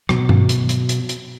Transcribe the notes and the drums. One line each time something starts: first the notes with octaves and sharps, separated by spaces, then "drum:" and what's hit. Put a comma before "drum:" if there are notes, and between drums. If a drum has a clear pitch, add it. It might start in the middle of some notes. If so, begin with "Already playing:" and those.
B2 F#3, drum: rim click
drum: tom G2
drum: hi-hat
drum: hi-hat
drum: hi-hat
drum: hi-hat